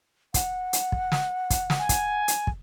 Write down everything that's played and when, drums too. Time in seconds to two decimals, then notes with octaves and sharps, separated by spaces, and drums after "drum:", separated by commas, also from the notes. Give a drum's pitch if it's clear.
0.34 F#5, drum: kick, hi-hat
0.73 drum: hi-hat
0.92 drum: kick
1.12 drum: snare
1.50 drum: kick, hi-hat
1.70 drum: snare
1.79 G#5
1.89 drum: kick, hi-hat
2.28 drum: hi-hat
2.47 drum: kick